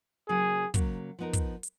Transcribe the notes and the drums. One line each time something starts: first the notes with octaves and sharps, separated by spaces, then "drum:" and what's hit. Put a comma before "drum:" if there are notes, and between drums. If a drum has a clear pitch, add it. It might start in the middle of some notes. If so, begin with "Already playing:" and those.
C#3 F#3 A#3 G#4
C#3 F#3 A#3, drum: kick, hi-hat
F3 B3 D#4 A#4
drum: kick, hi-hat
drum: hi-hat